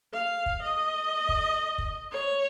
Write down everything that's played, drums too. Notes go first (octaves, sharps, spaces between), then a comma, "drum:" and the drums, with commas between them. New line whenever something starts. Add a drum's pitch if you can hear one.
F5
drum: kick
D#5
drum: kick
drum: kick
C#5